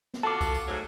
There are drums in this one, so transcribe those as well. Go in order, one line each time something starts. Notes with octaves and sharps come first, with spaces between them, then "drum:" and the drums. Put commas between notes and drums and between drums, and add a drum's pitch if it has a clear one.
drum: snare
F4 F#4 A4 A5 D6
drum: kick B1, tambourine
drum: tambourine
G#2 F#3 A3